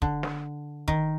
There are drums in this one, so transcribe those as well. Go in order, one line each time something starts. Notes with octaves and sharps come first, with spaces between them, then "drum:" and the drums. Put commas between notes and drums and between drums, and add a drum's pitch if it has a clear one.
D3, drum: kick
drum: snare
D#3, drum: kick